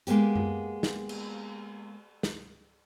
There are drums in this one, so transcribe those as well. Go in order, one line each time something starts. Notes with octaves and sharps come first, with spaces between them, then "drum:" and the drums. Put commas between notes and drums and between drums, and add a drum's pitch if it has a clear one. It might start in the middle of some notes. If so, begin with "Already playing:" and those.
G#3 A#3 B3 G4, drum: hi-hat
drum: tom F#2
drum: snare
drum: cymbal
drum: snare